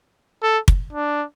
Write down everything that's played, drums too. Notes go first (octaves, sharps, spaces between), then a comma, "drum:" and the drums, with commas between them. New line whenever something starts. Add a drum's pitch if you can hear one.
A4
drum: kick
D4